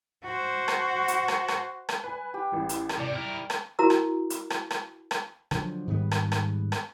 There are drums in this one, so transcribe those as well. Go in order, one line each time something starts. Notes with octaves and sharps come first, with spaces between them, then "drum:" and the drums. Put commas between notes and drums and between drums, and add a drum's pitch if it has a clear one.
F#4 C5
drum: rim click
drum: hi-hat
drum: rim click
drum: rim click
drum: rim click
B4 G#5
G4
A1 E3
drum: hi-hat
drum: rim click
C3 D5
E4 A#4
drum: rim click
E4 F#4 A#4 A#5 E6
drum: rim click
drum: hi-hat
drum: rim click
drum: rim click
drum: rim click
D3 F3 F#3, drum: rim click
G#2 D#3 G3 B3
drum: rim click
drum: rim click
drum: rim click